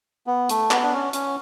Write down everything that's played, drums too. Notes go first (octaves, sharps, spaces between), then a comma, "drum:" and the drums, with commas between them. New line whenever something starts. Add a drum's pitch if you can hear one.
B3
A3, drum: hi-hat
B3, drum: clap
D4
C#4
C#4, drum: hi-hat